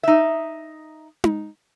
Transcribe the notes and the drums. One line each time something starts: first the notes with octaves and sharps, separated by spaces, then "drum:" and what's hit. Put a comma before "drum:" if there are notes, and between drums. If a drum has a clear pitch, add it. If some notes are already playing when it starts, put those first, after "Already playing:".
D#4 E5
drum: tom D#4